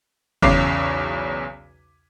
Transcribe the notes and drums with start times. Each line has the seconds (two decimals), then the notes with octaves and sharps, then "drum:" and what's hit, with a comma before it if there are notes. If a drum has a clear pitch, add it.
0.42 B1 E2 C#3 C#5 D6 C7, drum: kick